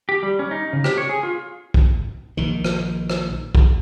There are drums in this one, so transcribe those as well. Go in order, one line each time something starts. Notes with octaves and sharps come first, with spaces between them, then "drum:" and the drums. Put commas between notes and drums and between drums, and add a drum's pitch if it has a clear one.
G4
G3
C#4
D#4
C#3
G4, drum: rim click
C#5
G#4
F4
drum: kick
A#1 D#3
drum: rim click
drum: rim click
drum: kick